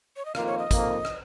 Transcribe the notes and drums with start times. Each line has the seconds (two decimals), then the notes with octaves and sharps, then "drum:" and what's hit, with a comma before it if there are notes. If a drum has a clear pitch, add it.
0.17 C#5
0.25 D#5
0.35 F2 D#3 A#3 F4 F5, drum: rim click
0.47 C#5
0.58 D#5
0.71 F2 D#3 A#3, drum: kick, hi-hat
1.05 drum: rim click